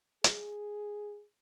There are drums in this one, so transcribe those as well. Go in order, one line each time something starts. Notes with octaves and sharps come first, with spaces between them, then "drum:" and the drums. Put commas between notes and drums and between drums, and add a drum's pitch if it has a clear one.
G#4, drum: hi-hat